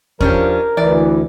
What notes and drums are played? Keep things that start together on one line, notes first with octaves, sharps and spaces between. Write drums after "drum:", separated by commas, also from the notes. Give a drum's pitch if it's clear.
F3 C#4 D4 G4 A#4, drum: kick E2
D2 E3 D5